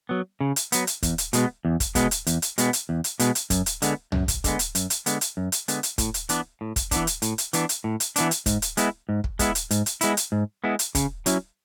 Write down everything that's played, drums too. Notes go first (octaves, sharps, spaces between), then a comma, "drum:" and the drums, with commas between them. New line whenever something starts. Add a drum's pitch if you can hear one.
F#3 B3
C#3
drum: hi-hat
F#3 B3, drum: hi-hat
drum: hi-hat
E2, drum: kick, hi-hat
drum: hi-hat
B2 G#3 B3, drum: hi-hat
E2
drum: kick, hi-hat
B2 G#3 B3, drum: kick, hi-hat
drum: hi-hat
E2, drum: hi-hat
drum: hi-hat
B2 G#3 B3, drum: hi-hat
drum: hi-hat
E2
drum: hi-hat
B2 G#3 B3, drum: hi-hat
drum: hi-hat
F#2, drum: kick, hi-hat
drum: hi-hat
D3 G#3 B3, drum: hi-hat
F#2, drum: tom C2
drum: kick, hi-hat
D3 G#3 B3, drum: kick, hi-hat
drum: hi-hat
F#2, drum: hi-hat
drum: hi-hat
D3 G#3 B3, drum: hi-hat
drum: hi-hat
F#2
drum: hi-hat
D3 G#3 B3, drum: hi-hat
drum: hi-hat
A2, drum: kick, hi-hat
drum: hi-hat
E3 B3 D4, drum: hi-hat
A2
drum: kick, hi-hat
E3 B3 D4, drum: kick, hi-hat
drum: hi-hat
A2, drum: hi-hat
drum: hi-hat
E3 B3 D4, drum: hi-hat
drum: hi-hat
A2
drum: hi-hat
E3 B3 D4, drum: hi-hat
drum: hi-hat
G#2, drum: kick, hi-hat
drum: hi-hat
G#3 B3 E4, drum: hi-hat
G#2
drum: kick
G#3 B3 E4, drum: kick, hi-hat
drum: hi-hat
G#2, drum: hi-hat
drum: hi-hat
G#3 B3 E4, drum: hi-hat
drum: hi-hat
G#2
G#3 B3 E4
drum: hi-hat
C#3, drum: kick, hi-hat
F#3 C#4 E4, drum: hi-hat